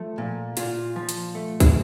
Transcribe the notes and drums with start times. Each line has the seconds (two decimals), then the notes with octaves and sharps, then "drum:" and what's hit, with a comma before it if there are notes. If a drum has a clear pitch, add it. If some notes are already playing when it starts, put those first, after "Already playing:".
Already playing: F3 A3
0.18 A#2
0.57 A#2 F4, drum: hi-hat
0.96 F3
1.09 drum: hi-hat
1.35 A3
1.60 drum: kick, hi-hat